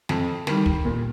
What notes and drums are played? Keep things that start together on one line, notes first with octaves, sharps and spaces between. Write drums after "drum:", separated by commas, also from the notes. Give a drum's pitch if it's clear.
F2, drum: snare
D#3 G3, drum: snare
drum: kick
A#2